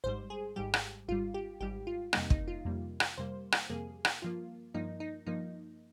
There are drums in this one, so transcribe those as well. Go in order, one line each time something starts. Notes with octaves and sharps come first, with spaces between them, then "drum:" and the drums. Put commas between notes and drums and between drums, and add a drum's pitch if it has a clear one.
G#1 G#2 G3 C5
G#4
G#1 G#2 G3 G4
drum: rim click
G#1 G#2 G3 F4
G4
G#1 G#2 G3 G4
F4
F2 C3 G3 A#3 D#4, drum: rim click
D#4, drum: kick
F4
F2 C3 G3 A#3
drum: rim click
F2 C3 G3 A#3 C5
drum: rim click
F2 C3 G3 A#3 G#4
drum: rim click
G2 F3 A#3 F4
G2 F3 A#3 D#4
D#4
G2 F3 A#3 D#4